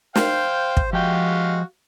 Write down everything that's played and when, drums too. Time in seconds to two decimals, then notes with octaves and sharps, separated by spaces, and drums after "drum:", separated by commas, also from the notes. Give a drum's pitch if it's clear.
0.15 C5 F5 G5, drum: snare
0.77 drum: kick
0.93 F3 G#3 F#4 G4 F5 G5